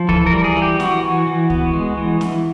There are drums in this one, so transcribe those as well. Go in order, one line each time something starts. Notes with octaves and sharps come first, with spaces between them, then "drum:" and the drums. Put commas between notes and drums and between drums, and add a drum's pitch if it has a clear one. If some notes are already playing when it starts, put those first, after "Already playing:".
Already playing: F3
E3 A4, drum: kick C#2
A#4
G3
G#4
E3
G4
E3 F#4, drum: snare C4
E3
E3
B3, drum: kick C#2
G#3
E3
E3, drum: snare C4